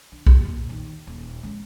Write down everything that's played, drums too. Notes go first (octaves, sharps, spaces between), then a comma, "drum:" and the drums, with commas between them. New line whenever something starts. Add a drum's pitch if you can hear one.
D3
A#1, drum: kick B1
A#2
D#2 D#3
D#1
G#3 C#4